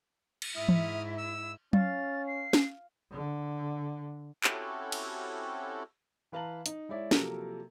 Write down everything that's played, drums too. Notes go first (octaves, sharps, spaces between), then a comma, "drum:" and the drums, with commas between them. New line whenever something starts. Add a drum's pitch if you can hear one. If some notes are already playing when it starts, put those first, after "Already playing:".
drum: cymbal
G#2 E4 E5 D#6 F6
drum: tom E3
E6
C#4 F5 A6, drum: tom F#3
C7
drum: snare
D3
C4 C#4 E4 F#4 G4 A4, drum: clap
drum: cymbal
E3 B4 F5 A5 A#5 F#7
D#4, drum: hi-hat
G#3 E4 C#5 D5 E5
C3 F3 F#3 A#3 A4 A#4, drum: snare